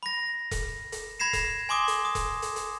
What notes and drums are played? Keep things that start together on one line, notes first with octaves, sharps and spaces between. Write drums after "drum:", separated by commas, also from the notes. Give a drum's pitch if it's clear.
B5 A#6
drum: kick E1, hi-hat
drum: hi-hat
B5 G#6 A#6 C7 E7
drum: kick E1, hi-hat
G#5 C6 D6 D#6 G7
drum: hi-hat
D#6
drum: kick E1, hi-hat
drum: hi-hat
drum: hi-hat